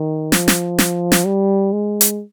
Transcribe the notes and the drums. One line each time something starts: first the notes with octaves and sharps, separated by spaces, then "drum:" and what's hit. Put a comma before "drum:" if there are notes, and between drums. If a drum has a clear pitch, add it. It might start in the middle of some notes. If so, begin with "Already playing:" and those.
Already playing: D#3
F3, drum: snare
drum: snare
drum: snare
drum: snare
G3
G#3
drum: hi-hat